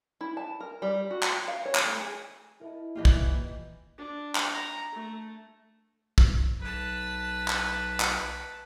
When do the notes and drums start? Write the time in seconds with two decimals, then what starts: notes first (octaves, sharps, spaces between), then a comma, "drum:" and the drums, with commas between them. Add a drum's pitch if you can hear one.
0.21 E4
0.37 A5
0.60 A#4
0.82 G3
1.11 F#4
1.23 drum: clap
1.48 F5
1.65 C#5
1.75 drum: clap
1.85 A3
2.01 G#4
2.61 E4 A#4 D#5 A5
2.95 A#2 E3 A#3 F4 G4 D#5
3.05 drum: kick
3.98 D4
4.35 drum: clap
4.53 A#5
4.92 A3
6.18 drum: kick
6.60 B1 B4 A5
7.48 drum: clap
8.00 drum: clap